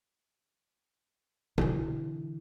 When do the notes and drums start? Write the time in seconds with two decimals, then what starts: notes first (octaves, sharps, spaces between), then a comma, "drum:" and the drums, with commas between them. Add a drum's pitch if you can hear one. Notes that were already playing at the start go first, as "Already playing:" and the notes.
1.58 D3 E3, drum: tom B2